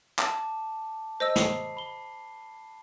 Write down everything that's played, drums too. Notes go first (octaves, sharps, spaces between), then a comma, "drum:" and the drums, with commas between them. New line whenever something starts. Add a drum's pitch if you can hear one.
A5 D6, drum: clap
C5 D#5 E6
G#4 B5 C7, drum: snare
B5 G7